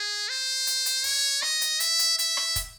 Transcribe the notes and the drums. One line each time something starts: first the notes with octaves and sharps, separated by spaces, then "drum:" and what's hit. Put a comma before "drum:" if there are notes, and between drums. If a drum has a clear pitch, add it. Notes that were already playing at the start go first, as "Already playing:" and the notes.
Already playing: G#4
C5
drum: hi-hat
drum: hi-hat
C#5, drum: open hi-hat
D#5, drum: rim click
drum: hi-hat
E5, drum: hi-hat
drum: hi-hat
E5, drum: hi-hat
drum: rim click
drum: kick, hi-hat